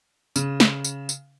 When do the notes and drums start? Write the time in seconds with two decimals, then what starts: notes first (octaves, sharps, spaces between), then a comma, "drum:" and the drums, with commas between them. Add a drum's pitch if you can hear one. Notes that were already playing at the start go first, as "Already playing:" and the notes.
0.36 C#3, drum: tambourine
0.60 drum: snare
0.85 drum: tambourine
1.09 drum: tambourine